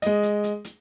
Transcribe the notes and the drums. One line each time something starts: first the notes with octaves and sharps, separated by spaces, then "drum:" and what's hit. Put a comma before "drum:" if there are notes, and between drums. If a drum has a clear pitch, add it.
G#3 D#5, drum: hi-hat
drum: hi-hat
drum: hi-hat
drum: hi-hat